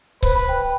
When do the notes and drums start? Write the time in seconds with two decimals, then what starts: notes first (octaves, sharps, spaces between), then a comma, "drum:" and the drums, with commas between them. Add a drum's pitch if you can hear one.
0.23 B4 C5, drum: kick C#1
0.36 B5
0.49 G5
0.61 G5